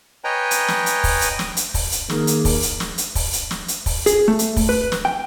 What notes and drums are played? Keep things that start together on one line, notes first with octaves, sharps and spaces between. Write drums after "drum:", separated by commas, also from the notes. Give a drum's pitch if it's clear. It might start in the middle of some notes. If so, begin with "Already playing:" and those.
B4 C#5 D#5 G5 G#5 A#5
drum: hi-hat
drum: snare
drum: hi-hat
drum: kick, open hi-hat
drum: hi-hat
drum: snare
drum: hi-hat
drum: kick, open hi-hat
drum: hi-hat
D#3 A#3 G#4 A#4, drum: snare
drum: hi-hat
drum: kick, open hi-hat
drum: hi-hat
drum: snare
drum: hi-hat
drum: kick, open hi-hat
drum: hi-hat
drum: snare
drum: hi-hat
drum: kick, open hi-hat
G#4, drum: hi-hat
A3
drum: hi-hat
drum: kick, open hi-hat
B4
drum: snare
G5